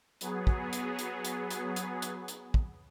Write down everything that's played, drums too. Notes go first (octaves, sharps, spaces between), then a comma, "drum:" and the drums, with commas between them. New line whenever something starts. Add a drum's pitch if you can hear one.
F#3 B3 G#4, drum: hi-hat
drum: kick
drum: hi-hat
drum: hi-hat
drum: hi-hat
drum: hi-hat
drum: hi-hat
drum: hi-hat
drum: hi-hat
drum: kick